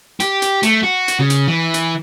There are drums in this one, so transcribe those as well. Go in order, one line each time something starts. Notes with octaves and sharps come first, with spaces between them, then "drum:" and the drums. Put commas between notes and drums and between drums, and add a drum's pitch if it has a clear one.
G4, drum: hi-hat
drum: hi-hat
A3, drum: hi-hat
F#4
drum: hi-hat
C#3
drum: hi-hat
E3
drum: hi-hat